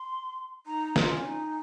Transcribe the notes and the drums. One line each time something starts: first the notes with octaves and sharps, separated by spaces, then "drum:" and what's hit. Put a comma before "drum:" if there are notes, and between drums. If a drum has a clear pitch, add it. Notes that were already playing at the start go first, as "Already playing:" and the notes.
Already playing: C6
D#4 A#5
F4, drum: snare
G#5
C#4
D#4